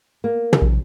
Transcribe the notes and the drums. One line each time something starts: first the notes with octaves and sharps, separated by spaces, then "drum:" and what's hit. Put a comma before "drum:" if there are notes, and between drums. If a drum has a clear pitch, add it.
A#3
drum: tom
A#1